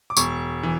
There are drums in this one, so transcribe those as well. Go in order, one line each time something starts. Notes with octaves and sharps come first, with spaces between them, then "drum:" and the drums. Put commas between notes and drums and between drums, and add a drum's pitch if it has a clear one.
D6
E1 C#6, drum: tambourine
E3